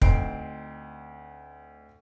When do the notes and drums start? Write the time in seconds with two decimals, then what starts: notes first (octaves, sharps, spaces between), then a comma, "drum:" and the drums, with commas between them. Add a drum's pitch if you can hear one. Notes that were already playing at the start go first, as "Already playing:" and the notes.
0.02 D2 C4 D#4 C7 D7, drum: kick